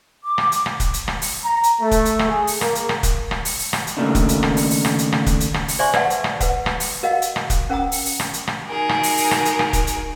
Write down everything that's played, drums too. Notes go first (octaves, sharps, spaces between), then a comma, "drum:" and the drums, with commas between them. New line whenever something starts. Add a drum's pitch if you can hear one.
D6
drum: rim click
drum: hi-hat
drum: rim click
drum: kick, hi-hat
drum: hi-hat
drum: rim click
drum: open hi-hat
A#5
drum: hi-hat
A3
drum: kick, hi-hat
drum: hi-hat
drum: rim click
G#4
drum: open hi-hat
A#3, drum: rim click
drum: hi-hat
drum: rim click
drum: kick, hi-hat
drum: rim click
drum: open hi-hat
drum: open hi-hat
drum: rim click
drum: hi-hat
D#2 C#3 A3 A#3 D4 D#4
drum: kick, hi-hat
drum: hi-hat
drum: rim click
drum: open hi-hat
drum: open hi-hat
drum: rim click
drum: hi-hat
drum: rim click
drum: kick, hi-hat
drum: hi-hat
drum: rim click
drum: open hi-hat
C5 D5 E5 G#5 C6 C#6
B4 D5 E5 F#5 A5, drum: rim click
drum: hi-hat
drum: rim click
B4 F#5, drum: kick, hi-hat
drum: rim click
drum: open hi-hat
F#4 A#4 D#5 F5 F#5
drum: hi-hat
drum: rim click
drum: kick, hi-hat
C#4 A#4 F#5 G5 A#5 D#6
drum: open hi-hat
drum: open hi-hat
drum: rim click
drum: hi-hat
drum: rim click
D#4 F#4 G#4 A#4
drum: rim click
drum: open hi-hat
drum: open hi-hat
drum: rim click
drum: hi-hat
drum: rim click
drum: kick, hi-hat
drum: hi-hat